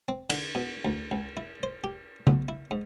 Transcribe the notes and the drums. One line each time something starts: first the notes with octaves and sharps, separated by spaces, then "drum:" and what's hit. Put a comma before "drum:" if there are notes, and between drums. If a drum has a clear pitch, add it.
C4
D3, drum: cymbal
B2
D2
C#2
E4
C5
G4
B1, drum: tom C#3
E4
G#2